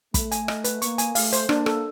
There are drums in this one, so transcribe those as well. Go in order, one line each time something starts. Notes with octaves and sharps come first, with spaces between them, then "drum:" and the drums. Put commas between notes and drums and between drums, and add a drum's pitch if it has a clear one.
A3 B5, drum: kick, hi-hat
G#5, drum: hi-hat
D#5, drum: rim click
B4, drum: hi-hat
A#3 C#6, drum: hi-hat
G#5, drum: hi-hat
A3 F5, drum: open hi-hat
C5, drum: hi-hat
A#3 D4, drum: rim click
A4, drum: rim click